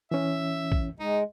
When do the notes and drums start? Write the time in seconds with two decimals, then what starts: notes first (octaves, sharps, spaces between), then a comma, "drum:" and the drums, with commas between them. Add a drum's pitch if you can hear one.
0.11 E3 C#4 E5
0.72 drum: kick
1.00 G#3 D#4